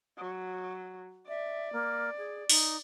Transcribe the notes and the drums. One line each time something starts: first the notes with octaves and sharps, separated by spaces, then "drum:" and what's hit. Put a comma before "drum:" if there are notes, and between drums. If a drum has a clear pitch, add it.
F#3
D5 E5
A#3
G#4
D#4, drum: open hi-hat